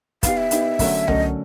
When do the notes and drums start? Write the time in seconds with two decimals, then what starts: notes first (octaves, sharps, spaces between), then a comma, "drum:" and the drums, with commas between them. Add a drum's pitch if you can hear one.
0.23 B3 D#4 G4 F5, drum: kick, hi-hat
0.37 E5
0.51 B3 D#4 G4, drum: hi-hat
0.79 D3 F#3 A3 C#4, drum: kick, open hi-hat
1.08 D3 F#3 A3 C#4 D#5, drum: tom C2